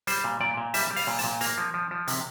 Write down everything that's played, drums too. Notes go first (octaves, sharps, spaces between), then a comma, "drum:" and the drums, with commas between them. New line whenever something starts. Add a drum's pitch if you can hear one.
G3 C5, drum: hi-hat
A#2
A#2 D5
A#2
G3 E5, drum: hi-hat
G3
F5, drum: open hi-hat
A#2
A5, drum: hi-hat
A#2
A#3 A#5, drum: hi-hat
F3
F3
F3
C3, drum: hi-hat